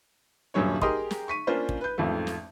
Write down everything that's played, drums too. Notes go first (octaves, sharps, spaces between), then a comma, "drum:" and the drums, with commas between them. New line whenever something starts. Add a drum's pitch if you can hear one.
D#1 G2 F#3 C#4 C#5
G4 G#4 A#4 D#5 C6 D#6, drum: kick
drum: snare
C#6 B6 D#7
A#3 C#4 D4 F4 A#4 C5
drum: kick
B4 G6
A1 F2 G#2 F3 A3
drum: snare